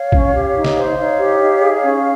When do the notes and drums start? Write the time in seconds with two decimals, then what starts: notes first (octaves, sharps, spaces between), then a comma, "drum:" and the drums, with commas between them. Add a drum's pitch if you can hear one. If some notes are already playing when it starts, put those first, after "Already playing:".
Already playing: C#5 F5
0.12 C#4, drum: kick A#1
0.34 G4
0.55 D#4
0.64 drum: snare
0.77 C5
0.98 D#4 C#5 F5
1.19 G4
1.40 D#4
1.61 G#4
1.84 C#4